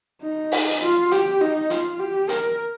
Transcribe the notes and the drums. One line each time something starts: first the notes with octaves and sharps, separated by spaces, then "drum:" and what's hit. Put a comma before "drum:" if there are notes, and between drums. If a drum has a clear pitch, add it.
D#4
drum: open hi-hat
F4
G4, drum: hi-hat
D#4
F4, drum: hi-hat
G4
A#4, drum: hi-hat